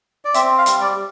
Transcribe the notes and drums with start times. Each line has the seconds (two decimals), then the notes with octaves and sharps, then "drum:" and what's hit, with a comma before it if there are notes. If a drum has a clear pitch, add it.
0.25 D5
0.34 C4 E5, drum: hi-hat
0.58 F5
0.66 G3, drum: hi-hat
0.81 D5